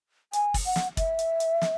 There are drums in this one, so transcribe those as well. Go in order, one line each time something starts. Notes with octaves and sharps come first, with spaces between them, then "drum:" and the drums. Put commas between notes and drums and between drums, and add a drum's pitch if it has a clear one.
G#5, drum: hi-hat
drum: kick, open hi-hat
F#5
drum: snare
E5, drum: kick, hi-hat
drum: hi-hat
drum: hi-hat
drum: snare